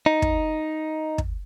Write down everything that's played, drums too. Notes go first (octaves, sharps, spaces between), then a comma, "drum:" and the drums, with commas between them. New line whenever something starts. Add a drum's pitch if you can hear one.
D#4
drum: kick
drum: kick